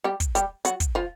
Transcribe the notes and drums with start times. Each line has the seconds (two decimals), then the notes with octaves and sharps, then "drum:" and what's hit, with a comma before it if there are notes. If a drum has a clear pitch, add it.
0.04 G3 G4
0.20 drum: kick, hi-hat
0.35 G3 G4, drum: hi-hat
0.65 F#3 F#4, drum: hi-hat
0.80 drum: kick, hi-hat
0.95 F3 F4